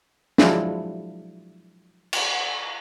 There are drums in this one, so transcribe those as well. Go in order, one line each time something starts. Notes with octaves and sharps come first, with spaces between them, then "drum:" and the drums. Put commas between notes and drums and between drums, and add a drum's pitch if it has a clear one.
F3 F#3 G#3 D4 E4 F4, drum: snare
drum: cymbal